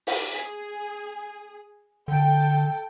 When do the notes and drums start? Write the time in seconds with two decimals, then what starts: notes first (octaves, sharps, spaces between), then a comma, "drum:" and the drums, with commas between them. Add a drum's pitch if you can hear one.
0.07 drum: open hi-hat
0.33 G#4
2.08 D3 A4 G5